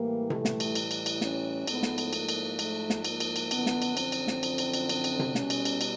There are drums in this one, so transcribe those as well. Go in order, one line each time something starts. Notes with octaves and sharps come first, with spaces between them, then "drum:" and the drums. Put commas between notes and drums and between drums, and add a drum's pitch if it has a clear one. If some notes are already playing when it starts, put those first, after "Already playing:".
Already playing: A2 E3 G3 A#3
A3, drum: tom C3
drum: snare
drum: cymbal
drum: cymbal
drum: cymbal
drum: cymbal
C#4, drum: snare
G#2 F3 A3 B3, drum: cymbal
drum: snare
drum: cymbal
A#3, drum: cymbal
drum: cymbal
A3, drum: cymbal
drum: snare
A#3, drum: cymbal
drum: cymbal
drum: cymbal
F#2 D3 F3 B3, drum: cymbal
drum: snare
drum: cymbal
C4, drum: cymbal
drum: cymbal
drum: snare
drum: cymbal
drum: cymbal
drum: cymbal
C4, drum: cymbal
drum: cymbal
drum: tom C3
B2 G3 C#4, drum: snare
drum: cymbal
drum: cymbal
drum: cymbal